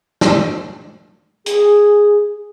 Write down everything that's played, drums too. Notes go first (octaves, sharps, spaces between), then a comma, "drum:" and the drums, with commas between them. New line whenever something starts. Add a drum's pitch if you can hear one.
drum: snare
G#4, drum: hi-hat